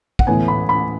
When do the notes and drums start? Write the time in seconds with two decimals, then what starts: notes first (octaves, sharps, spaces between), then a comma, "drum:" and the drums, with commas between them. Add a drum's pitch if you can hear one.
0.19 F#5, drum: kick
0.27 A2 E3 B3 G#5
0.48 B5
0.69 B5